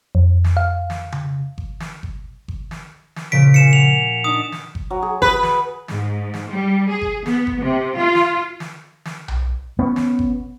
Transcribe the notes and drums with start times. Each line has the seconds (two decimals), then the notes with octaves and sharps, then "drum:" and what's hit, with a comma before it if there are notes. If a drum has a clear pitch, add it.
0.15 F2
0.44 drum: snare
0.57 F5
0.90 drum: snare
1.12 drum: tom C#3
1.58 drum: kick G1
1.80 drum: snare
2.03 drum: kick G1
2.48 drum: kick G1
2.71 drum: snare
3.16 drum: snare
3.32 A#2 C#3 F3 B6 D7
3.54 F4 G#5 C#7 E7
3.73 F#5 C7 F7
4.24 D4 D#4 D#6
4.52 drum: snare
4.75 drum: kick G1
4.90 F#3
5.02 G#4
5.22 B4, drum: kick G1
5.43 drum: snare
5.88 G#2, drum: snare
6.34 drum: snare
6.51 G3
6.90 G#4
7.02 drum: kick G1
7.26 B3, drum: snare
7.47 drum: kick G1
7.61 C3
7.97 F4
8.15 drum: snare
8.60 drum: snare
9.05 drum: snare
9.28 drum: tom B1
9.79 B3 C#4
9.96 drum: snare
10.19 drum: kick G1